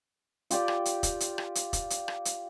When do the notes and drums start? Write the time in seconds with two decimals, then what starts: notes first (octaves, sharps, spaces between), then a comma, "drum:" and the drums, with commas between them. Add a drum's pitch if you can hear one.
0.50 F4 G4 D5 G5, drum: hi-hat
0.68 drum: rim click
0.85 drum: hi-hat
1.03 drum: kick E1, hi-hat
1.20 drum: hi-hat
1.38 drum: rim click
1.55 drum: hi-hat
1.73 drum: kick E1, hi-hat
1.90 drum: hi-hat
2.08 drum: rim click
2.25 drum: hi-hat